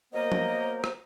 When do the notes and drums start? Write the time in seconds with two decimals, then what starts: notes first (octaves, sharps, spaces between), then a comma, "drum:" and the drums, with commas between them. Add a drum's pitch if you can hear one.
0.13 F#3 A#3 B3 A#4 C5 D#5
0.32 drum: tom
0.84 drum: rim click